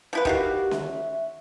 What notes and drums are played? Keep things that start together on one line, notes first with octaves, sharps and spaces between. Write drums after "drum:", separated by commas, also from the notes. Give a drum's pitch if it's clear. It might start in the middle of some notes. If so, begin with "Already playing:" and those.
F3 E4 B4
D#3 F#4 G4 F5, drum: kick
E5, drum: snare C#4